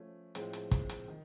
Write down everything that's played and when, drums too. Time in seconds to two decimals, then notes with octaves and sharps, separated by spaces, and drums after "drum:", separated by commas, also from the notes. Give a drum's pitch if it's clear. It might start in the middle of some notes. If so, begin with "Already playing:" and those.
Already playing: F3 A3 C#4
0.35 A2 F3 G#3 C4, drum: hi-hat
0.53 drum: hi-hat
0.71 drum: kick, hi-hat
0.89 drum: hi-hat
1.08 D#3